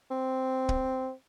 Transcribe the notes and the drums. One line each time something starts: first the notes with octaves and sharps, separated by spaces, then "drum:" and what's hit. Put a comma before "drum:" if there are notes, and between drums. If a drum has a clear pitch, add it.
C4
drum: kick